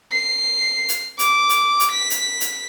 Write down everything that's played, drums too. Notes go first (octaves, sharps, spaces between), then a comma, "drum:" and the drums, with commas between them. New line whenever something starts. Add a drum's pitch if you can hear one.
C7
drum: hi-hat
D6, drum: hi-hat
drum: hi-hat
drum: hi-hat
B6
drum: hi-hat
drum: hi-hat